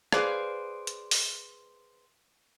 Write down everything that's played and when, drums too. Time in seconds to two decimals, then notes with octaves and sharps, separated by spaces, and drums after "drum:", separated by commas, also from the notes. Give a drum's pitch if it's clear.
0.12 G#4 B4 C5 D5 F5, drum: rim click
0.87 drum: hi-hat
1.11 drum: open hi-hat